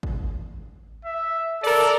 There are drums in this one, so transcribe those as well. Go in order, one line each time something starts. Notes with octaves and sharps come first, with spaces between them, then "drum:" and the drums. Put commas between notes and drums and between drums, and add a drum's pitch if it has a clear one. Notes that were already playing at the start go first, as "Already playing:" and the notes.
drum: kick G#1
E5
A4 A#4 D5